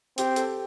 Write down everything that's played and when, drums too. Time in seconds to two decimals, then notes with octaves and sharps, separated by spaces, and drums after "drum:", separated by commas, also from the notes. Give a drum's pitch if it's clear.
0.18 C4 G4, drum: hi-hat
0.36 A4, drum: hi-hat